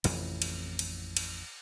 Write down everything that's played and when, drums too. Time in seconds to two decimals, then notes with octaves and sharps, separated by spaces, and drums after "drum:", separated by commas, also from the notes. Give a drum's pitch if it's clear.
0.04 A1 F2 C3 E3, drum: cymbal
0.42 drum: cymbal
0.79 drum: cymbal
1.17 drum: cymbal